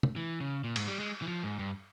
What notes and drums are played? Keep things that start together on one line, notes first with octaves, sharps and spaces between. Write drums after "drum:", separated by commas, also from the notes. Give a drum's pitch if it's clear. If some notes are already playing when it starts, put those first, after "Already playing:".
drum: tom
E3
C#3
A#2
G#2, drum: cymbal
G3
G#3
E3
F3
G#2
G2